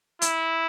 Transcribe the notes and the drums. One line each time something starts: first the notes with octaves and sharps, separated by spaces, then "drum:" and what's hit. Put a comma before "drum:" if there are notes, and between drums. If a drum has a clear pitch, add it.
E4, drum: hi-hat